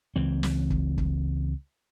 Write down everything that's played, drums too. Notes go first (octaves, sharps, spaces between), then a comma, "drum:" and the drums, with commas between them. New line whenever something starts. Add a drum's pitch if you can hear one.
C#2 E3 C4
drum: snare
drum: kick
drum: kick